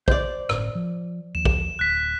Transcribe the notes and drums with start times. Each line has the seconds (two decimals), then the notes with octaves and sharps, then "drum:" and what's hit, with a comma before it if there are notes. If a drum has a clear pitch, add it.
0.08 C5 D5, drum: kick
0.49 G1 A2 C#4, drum: rim click
0.75 F3
1.35 D#2 F3 E7
1.45 drum: kick
1.79 D1 F#6 B6